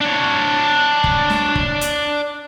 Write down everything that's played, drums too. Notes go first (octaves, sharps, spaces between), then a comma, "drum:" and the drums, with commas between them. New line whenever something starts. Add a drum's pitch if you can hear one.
D4 C#5
drum: kick
drum: snare
drum: kick
drum: hi-hat